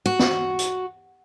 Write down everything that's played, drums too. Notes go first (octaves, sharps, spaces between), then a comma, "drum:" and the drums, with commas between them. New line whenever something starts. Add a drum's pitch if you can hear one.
F#4
drum: snare
drum: hi-hat